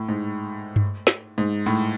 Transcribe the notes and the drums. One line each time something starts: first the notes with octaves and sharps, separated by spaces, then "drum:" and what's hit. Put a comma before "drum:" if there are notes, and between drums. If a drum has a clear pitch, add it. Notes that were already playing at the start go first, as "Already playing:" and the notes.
Already playing: A2
G#2
drum: tom G2
drum: snare
G#2
A2